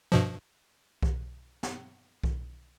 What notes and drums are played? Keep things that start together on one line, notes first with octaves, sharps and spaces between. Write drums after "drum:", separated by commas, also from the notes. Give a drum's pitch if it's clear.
G2 B2 F3
drum: kick B1
drum: snare
drum: kick B1